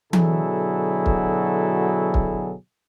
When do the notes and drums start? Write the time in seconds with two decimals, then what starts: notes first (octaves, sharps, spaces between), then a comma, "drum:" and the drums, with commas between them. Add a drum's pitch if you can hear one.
0.13 B2 D3 F#3 E4 G#4 A4, drum: tom E3
1.06 drum: kick
2.14 drum: kick